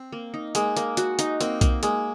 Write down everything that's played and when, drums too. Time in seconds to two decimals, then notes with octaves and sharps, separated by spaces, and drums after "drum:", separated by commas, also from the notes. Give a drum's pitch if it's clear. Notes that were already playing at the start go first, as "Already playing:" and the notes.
Already playing: C4
0.12 A#3
0.34 D#4
0.55 G#3 A#3, drum: hi-hat
0.77 A#3, drum: hi-hat
0.97 F#4, drum: hi-hat
1.19 D#4, drum: hi-hat
1.41 A#3 C4, drum: hi-hat
1.61 A#3, drum: kick B1, hi-hat
1.83 G#3 A#3, drum: hi-hat